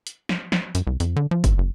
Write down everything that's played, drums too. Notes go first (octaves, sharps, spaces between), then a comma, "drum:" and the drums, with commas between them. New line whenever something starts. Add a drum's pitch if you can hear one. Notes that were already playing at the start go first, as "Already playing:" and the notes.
drum: hi-hat
drum: snare
drum: snare
F#2, drum: hi-hat
C2
F2, drum: hi-hat
D3
F3
G#1, drum: kick, hi-hat
F#1